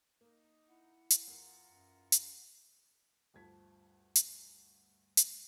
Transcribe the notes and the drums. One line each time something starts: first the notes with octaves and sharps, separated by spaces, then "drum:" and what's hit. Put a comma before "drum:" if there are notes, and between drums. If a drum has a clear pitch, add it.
A#3 D#4
E4 F#5
drum: hi-hat
E2 F4 A#4 A#5 C7
F#2
drum: hi-hat
D2 G2 F3 G#6 B6
drum: hi-hat
drum: hi-hat